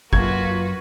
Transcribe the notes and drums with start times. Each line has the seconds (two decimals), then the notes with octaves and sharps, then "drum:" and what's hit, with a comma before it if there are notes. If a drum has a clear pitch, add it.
0.13 F#2 A#3 F4 F#4 B4 G#6, drum: kick